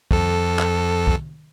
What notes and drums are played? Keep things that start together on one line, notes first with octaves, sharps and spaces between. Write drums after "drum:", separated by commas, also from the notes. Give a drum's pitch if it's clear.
F2 A4, drum: kick
drum: clap
drum: kick